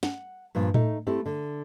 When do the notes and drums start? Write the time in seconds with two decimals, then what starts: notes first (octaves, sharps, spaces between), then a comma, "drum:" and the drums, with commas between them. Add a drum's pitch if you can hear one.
0.03 F#5, drum: snare C#4
0.55 G2 A#2 F3
0.74 A3 D#4, drum: tom A2
1.07 A3 C4 E4 G4
1.26 D3